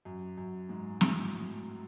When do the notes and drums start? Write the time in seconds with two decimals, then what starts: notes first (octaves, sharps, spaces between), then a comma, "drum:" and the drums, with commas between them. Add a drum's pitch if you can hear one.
0.05 F#2
0.37 F#2
0.69 G#2
1.01 A2, drum: snare